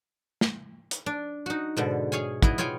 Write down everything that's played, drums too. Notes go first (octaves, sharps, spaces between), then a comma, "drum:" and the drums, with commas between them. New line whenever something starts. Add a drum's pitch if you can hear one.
drum: snare
drum: hi-hat
D4
D#4 F#4
G#2 B2 D3
G#4 C#5 F5 G#5
B3 E4 G#4 D#5, drum: kick
F4 G#4 C#5 G5 G#5